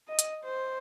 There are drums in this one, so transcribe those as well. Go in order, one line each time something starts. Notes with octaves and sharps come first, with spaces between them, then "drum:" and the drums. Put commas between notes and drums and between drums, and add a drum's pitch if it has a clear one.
D#5
drum: hi-hat
C5